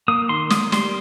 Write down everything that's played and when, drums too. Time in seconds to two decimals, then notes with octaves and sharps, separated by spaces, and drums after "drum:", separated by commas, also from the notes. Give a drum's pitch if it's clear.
0.08 A#3 D#6
0.29 D#3 C6
0.50 A#3 D#6, drum: snare
0.72 G3 C6, drum: snare